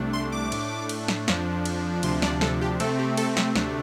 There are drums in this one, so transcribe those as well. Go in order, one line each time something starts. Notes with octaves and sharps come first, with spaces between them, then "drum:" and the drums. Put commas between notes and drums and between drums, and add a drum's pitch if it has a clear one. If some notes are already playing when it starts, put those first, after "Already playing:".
Already playing: C2 C3 A3 D4
C6
D6
A2 A3 D4, drum: cymbal
drum: cymbal
drum: snare
F2 F3 D4, drum: snare
drum: cymbal
D2 C3 F3 D4 C6, drum: cymbal
D5, drum: snare
A4, drum: snare
G4
C3 A3 C4 A4, drum: cymbal
G4
A4, drum: cymbal
drum: snare
D2 C3 A3 D4, drum: snare